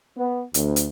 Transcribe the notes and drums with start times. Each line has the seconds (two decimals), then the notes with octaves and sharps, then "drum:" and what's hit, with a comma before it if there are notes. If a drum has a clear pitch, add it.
0.17 B3
0.54 D2, drum: hi-hat
0.76 drum: hi-hat